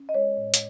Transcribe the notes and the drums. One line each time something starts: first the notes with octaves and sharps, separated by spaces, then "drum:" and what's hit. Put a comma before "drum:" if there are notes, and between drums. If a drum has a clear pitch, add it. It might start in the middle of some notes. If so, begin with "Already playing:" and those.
Already playing: C#4
D#5
G#3 C#5
A2
drum: hi-hat